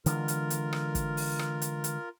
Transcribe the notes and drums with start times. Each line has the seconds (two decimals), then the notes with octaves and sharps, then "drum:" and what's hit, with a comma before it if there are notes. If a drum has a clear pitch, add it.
0.06 D3 E3 G#3 F4 A#4, drum: hi-hat
0.28 drum: hi-hat
0.50 drum: hi-hat
0.73 drum: rim click
0.95 drum: kick, hi-hat
1.17 drum: open hi-hat
1.39 drum: rim click
1.62 drum: hi-hat
1.84 drum: hi-hat